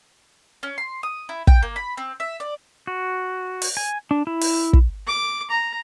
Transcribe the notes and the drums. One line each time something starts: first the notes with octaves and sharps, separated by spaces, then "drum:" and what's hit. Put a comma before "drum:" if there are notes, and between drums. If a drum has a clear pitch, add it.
C#4
C6
D#6
E4
G5, drum: kick
A#3
B5
C4
E5
D5
F#4
drum: open hi-hat
G#5
D4
E4
drum: open hi-hat
drum: kick
D6
A#5